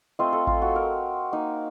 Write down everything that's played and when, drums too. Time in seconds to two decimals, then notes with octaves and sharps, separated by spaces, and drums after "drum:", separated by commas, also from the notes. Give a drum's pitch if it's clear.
0.19 A3 C4 F4 D#5
0.33 A4
0.47 F4, drum: kick A1
0.62 F#4
0.76 A#4
1.32 A#3 D#4